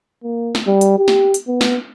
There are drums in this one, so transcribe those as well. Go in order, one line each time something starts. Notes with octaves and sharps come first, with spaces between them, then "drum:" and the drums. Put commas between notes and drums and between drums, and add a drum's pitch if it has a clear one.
A#3
drum: snare
G3
drum: hi-hat
G4
drum: snare
drum: hi-hat
B3
drum: snare